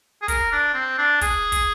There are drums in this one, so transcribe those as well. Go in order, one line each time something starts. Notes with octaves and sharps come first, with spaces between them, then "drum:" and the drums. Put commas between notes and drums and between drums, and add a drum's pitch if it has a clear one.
G#4
A#4, drum: kick, hi-hat
D4
C4
D4
G#4, drum: kick, hi-hat
drum: kick, hi-hat